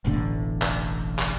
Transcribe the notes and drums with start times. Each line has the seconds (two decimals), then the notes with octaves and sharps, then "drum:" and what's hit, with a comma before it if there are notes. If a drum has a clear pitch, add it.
0.05 E1 A1 A2 D3
0.62 drum: clap
1.19 drum: clap